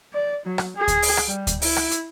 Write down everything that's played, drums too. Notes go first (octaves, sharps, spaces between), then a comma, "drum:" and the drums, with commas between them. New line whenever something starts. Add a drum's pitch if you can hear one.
D5
F#3
drum: rim click
G#4
drum: kick D2, hi-hat
drum: open hi-hat
drum: rim click
G3
drum: kick D2, hi-hat
E4, drum: open hi-hat
drum: rim click
drum: hi-hat